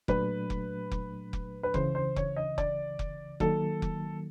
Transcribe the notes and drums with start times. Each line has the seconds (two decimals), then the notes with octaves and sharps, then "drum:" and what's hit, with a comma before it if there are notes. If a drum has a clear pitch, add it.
0.08 A#2 F#3 A3 D4 B4, drum: kick F1
0.50 drum: kick F1
0.91 drum: kick F1
1.33 drum: kick F1
1.63 B4
1.74 C#2 C#3 E3 C5, drum: kick F1
1.95 C5
2.16 C#5, drum: kick F1
2.36 D#5
2.58 D5, drum: kick F1
2.99 drum: kick F1
3.40 D#3 F#3 A#3 A4, drum: kick F1
3.82 drum: kick F1